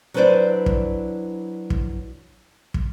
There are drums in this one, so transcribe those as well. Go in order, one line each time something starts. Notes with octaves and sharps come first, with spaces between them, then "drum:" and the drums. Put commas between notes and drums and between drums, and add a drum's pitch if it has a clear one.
F#3 D4 E4 B4 C5 D5
drum: kick
drum: kick
drum: kick